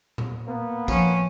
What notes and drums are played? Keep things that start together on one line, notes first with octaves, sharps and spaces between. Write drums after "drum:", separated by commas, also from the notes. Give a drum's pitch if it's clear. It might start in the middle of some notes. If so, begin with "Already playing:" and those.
drum: tom A#2
A#3 B3
F3 C#4, drum: kick, tambourine